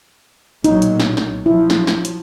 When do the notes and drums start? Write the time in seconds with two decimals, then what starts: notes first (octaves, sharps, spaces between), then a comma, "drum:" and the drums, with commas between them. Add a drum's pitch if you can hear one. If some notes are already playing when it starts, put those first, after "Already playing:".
0.64 B1 A#2 F#3 D#4, drum: hi-hat
0.82 drum: hi-hat
1.00 drum: snare
1.17 drum: snare
1.46 F3 F#3 E4
1.70 drum: snare
1.87 drum: snare
2.05 drum: hi-hat